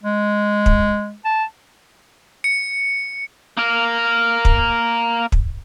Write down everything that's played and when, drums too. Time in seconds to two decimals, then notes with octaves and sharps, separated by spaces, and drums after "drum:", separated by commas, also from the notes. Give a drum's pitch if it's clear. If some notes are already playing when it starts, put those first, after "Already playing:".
0.03 G#3
0.66 drum: kick
1.25 A5
2.44 C#7
3.57 A#3 A#4
4.45 drum: kick
5.32 drum: kick